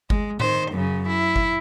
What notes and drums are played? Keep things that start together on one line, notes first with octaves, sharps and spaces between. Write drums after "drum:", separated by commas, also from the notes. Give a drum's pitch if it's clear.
G#3, drum: kick G1
D#3 C5, drum: tom A2
F#2 C#3
E4
drum: kick G1